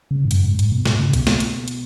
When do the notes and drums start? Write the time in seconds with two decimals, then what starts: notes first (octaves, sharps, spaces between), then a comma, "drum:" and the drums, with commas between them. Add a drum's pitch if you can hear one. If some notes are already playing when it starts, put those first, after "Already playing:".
0.11 C#3
0.25 G#2
0.31 F#2, drum: hi-hat
0.45 G#2
0.59 G#2, drum: hi-hat
0.72 B2
0.86 G#2, drum: snare
0.99 C#3
1.13 B2, drum: kick, hi-hat
1.27 drum: snare
1.40 drum: hi-hat
1.68 drum: hi-hat